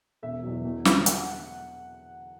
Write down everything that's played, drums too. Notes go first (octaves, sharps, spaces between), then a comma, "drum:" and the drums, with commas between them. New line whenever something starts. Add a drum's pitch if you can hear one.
E1 E5
E2 B2 F#3
E2
D3 F#3, drum: snare
F#5, drum: hi-hat